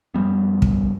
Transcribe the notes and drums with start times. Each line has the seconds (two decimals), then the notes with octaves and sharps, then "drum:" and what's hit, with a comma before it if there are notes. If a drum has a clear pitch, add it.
0.14 F#2 F3 G3 B3
0.62 drum: kick